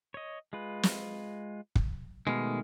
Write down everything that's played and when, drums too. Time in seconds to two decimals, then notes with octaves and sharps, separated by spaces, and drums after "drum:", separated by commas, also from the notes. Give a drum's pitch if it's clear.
0.14 C#5 D#5
0.53 G#3 F4 B4
0.83 drum: snare
1.75 drum: kick
2.27 B2 D#3 G#3 A3 F6